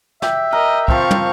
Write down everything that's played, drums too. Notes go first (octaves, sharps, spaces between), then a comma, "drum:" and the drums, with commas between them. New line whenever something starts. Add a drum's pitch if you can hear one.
G4 E5, drum: snare
A#4 D#5
F3 C4 F5 C#6, drum: kick
drum: tom